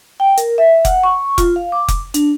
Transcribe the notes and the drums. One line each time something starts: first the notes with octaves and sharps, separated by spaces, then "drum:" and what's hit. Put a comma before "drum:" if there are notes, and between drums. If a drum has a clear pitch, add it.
G5
A#4, drum: hi-hat
E5
F#5, drum: kick F1, hi-hat
C#6
F4, drum: kick F1, hi-hat
F5
D6
drum: kick F1, hi-hat
D4, drum: hi-hat